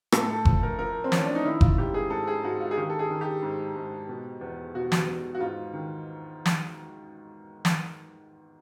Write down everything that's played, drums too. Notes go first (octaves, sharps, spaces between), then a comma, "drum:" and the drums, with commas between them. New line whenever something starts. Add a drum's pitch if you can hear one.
A2 A4, drum: rim click
A4
F3, drum: kick F#1
A#4
F3 A#4
C4
F3 C#4, drum: snare
D4
D#4
D#3 E4
F4, drum: kick F#1
G#2 G4
G#4
G#2 A4
G#4
G#2 F#4
F4
G#4
D#3 G4
A4
G#4
D#3
G4
G#2
G#2
B2
E2
B2 F#4
drum: snare
E2
F#4
G#2 F4
D#3
drum: snare
drum: snare